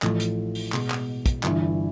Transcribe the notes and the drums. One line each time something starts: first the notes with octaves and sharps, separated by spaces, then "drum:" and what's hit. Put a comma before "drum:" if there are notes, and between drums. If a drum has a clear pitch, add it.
A1 A2 F3 A3, drum: clap
drum: hi-hat
drum: open hi-hat
B2 G#3 B3, drum: clap
drum: clap
drum: kick, hi-hat
G1 G2 E3, drum: clap